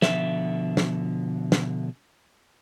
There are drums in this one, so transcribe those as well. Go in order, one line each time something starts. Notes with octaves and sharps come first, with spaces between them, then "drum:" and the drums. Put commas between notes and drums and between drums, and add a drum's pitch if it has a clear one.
B2 D3 F3 E5, drum: snare
drum: snare
drum: snare